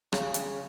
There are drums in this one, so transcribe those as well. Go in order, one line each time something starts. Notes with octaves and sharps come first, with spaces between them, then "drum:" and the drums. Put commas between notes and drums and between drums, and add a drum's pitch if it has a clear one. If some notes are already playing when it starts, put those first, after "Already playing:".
C#3, drum: rim click
drum: hi-hat